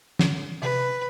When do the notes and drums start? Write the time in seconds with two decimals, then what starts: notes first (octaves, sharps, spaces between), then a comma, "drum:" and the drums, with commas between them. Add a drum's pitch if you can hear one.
0.19 D3, drum: snare
0.62 C3 B4